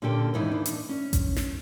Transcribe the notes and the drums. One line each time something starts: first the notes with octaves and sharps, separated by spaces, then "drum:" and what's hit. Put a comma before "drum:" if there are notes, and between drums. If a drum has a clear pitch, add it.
A#2 D3 C#4 G4 A4 G5
D#2 G#2 D#3 E3
D4
drum: hi-hat
C#4
drum: kick A1, hi-hat
drum: snare